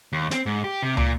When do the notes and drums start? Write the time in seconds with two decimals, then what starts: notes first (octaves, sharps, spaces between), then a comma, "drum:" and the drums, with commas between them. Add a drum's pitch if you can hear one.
0.13 D#2
0.31 C4, drum: snare
0.46 G#2
0.64 G4
0.82 C3
0.97 A#2, drum: tom